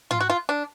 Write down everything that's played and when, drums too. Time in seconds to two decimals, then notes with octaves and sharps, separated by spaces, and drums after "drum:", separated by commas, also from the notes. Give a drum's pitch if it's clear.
0.11 F4, drum: tom G#2
0.20 F#4
0.30 F4
0.49 D4